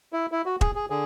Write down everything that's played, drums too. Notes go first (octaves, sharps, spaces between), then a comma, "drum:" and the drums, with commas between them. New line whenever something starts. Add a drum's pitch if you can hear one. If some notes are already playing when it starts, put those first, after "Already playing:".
E4
E4
F#4
G#4, drum: kick E1
G#4
D3 G#4